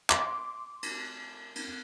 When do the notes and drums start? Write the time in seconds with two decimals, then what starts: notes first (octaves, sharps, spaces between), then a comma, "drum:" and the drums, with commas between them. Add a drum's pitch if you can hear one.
0.10 C6 D6, drum: clap
0.83 drum: cymbal
1.56 drum: cymbal